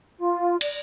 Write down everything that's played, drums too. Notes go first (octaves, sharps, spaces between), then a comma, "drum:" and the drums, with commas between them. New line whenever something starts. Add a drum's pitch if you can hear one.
F4
D5, drum: cymbal